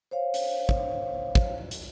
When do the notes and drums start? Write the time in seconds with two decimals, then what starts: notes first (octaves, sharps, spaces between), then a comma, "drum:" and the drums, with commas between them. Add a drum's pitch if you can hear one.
0.11 C5 C#5 F5
0.34 drum: hi-hat
0.69 drum: kick
1.35 drum: kick
1.71 drum: hi-hat